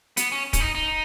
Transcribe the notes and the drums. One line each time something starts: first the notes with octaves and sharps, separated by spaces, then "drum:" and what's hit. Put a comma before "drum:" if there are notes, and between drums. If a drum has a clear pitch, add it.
B3, drum: hi-hat
C#4
C#4, drum: kick, hi-hat
D#4
D#4